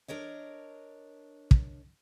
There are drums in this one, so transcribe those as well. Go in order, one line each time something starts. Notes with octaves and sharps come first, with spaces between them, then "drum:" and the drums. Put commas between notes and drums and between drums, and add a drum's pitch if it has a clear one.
D4 A#4 C#5 D#5
drum: kick